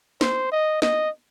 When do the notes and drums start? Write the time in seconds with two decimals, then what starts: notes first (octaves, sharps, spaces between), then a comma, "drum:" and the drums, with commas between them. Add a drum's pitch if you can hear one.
0.21 C5, drum: snare
0.52 D#5
0.82 D#5, drum: snare